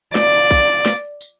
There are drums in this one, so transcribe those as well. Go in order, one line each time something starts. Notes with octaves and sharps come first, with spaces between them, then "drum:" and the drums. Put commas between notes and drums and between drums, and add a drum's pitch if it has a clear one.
D5, drum: snare
drum: kick B1, tambourine
drum: snare
drum: tambourine